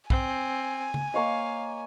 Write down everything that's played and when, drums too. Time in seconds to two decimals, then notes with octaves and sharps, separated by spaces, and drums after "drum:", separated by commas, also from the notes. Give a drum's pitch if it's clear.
0.10 C4 G#5, drum: kick
0.94 drum: tom C#3
1.14 A#3 C#5 D#5 F5